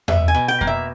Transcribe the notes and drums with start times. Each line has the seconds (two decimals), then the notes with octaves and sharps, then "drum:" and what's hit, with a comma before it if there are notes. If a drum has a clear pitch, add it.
0.08 B2 E5, drum: tom E2
0.28 G#5
0.34 B2
0.48 G5
0.61 A#3, drum: kick F2
0.67 E5